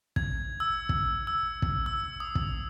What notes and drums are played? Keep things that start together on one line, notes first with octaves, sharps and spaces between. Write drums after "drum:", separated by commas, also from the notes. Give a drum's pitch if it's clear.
G#6, drum: kick
E6
drum: kick
E6
drum: kick
E6
D#6
drum: kick